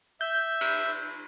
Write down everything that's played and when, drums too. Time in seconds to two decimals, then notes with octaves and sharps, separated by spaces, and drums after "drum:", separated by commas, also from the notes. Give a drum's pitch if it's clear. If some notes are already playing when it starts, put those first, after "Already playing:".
0.21 E5 G6
0.61 drum: cymbal